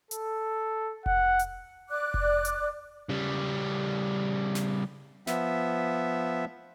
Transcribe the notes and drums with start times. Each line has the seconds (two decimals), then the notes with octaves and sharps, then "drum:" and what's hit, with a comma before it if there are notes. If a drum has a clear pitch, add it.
0.11 A4, drum: hi-hat
1.06 F#5, drum: kick F1
1.39 drum: hi-hat
1.90 D5 D6 F#6
2.14 drum: kick F1
2.45 drum: hi-hat
3.09 C#3 G3
4.55 drum: snare
5.27 F3 B3 E5, drum: snare